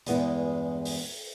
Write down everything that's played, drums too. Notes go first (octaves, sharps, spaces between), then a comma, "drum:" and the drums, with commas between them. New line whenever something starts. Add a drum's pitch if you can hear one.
E2 G2 G#3 B3 E4, drum: hi-hat
drum: open hi-hat